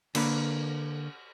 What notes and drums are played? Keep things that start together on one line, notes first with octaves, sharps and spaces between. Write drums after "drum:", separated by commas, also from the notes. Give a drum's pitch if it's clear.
D3 A#3 B4, drum: cymbal